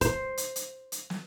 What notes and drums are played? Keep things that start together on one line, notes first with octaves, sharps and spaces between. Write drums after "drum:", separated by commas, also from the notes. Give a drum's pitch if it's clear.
C5, drum: kick, hi-hat
drum: hi-hat
drum: hi-hat
drum: hi-hat
drum: snare